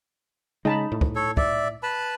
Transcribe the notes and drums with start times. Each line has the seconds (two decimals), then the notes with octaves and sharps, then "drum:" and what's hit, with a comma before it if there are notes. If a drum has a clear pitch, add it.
0.65 C#3 G#3 D#4 A5 B5
0.92 A2
1.01 drum: kick
1.16 A4 C#5
1.37 D5 E5, drum: kick
1.83 B4 A5 B5